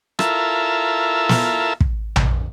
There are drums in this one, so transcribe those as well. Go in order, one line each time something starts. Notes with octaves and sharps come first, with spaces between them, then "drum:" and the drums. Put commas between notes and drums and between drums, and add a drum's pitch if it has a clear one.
E4 F4 A4 A#4 E5, drum: rim click
drum: snare
drum: kick
drum: tom A#1